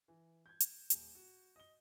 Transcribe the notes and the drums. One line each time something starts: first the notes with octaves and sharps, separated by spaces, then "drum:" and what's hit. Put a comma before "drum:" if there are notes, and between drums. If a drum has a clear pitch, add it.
E3
G6 G#6
drum: hi-hat
D#1, drum: hi-hat
F#4
D#5 G7